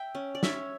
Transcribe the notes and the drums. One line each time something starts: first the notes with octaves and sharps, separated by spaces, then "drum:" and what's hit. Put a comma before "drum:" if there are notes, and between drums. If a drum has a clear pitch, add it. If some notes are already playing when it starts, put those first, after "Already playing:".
Already playing: E5 G5
C#4
D5
C#4 C#5 E5, drum: snare